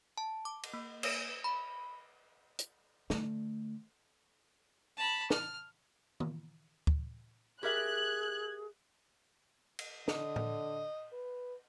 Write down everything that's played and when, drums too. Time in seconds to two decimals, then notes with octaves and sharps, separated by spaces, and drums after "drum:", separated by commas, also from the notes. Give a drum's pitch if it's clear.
0.18 A5
0.45 D6
0.63 drum: cymbal
0.73 A#3
1.03 drum: cymbal
1.44 B5
2.59 drum: hi-hat
3.10 D3 A3, drum: snare
4.97 A5 B5
5.30 F6, drum: snare
6.20 drum: tom D#3
6.87 drum: kick D2
7.63 G4 G#4 A#4 E5 F#6 G#6
9.79 drum: cymbal
10.08 D3 D#5, drum: snare
10.36 drum: tom A2
11.13 B4